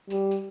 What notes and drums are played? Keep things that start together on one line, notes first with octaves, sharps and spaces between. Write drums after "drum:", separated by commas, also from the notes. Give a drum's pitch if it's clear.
G3, drum: tambourine
drum: tambourine